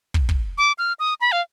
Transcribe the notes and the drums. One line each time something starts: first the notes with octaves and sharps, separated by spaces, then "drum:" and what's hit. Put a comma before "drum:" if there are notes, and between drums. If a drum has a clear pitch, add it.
drum: kick
drum: kick
D6
F6
D#6
B5
F5